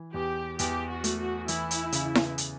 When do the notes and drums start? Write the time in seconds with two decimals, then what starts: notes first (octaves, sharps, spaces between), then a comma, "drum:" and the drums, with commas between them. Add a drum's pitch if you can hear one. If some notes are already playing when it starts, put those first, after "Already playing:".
Already playing: E3
0.14 E2 G4
0.59 E2 G4, drum: hi-hat
0.89 F#4
1.04 A3, drum: hi-hat
1.19 F#4
1.48 E3 E4, drum: hi-hat
1.71 drum: hi-hat
1.92 C#3, drum: hi-hat
2.15 drum: snare E4
2.38 drum: hi-hat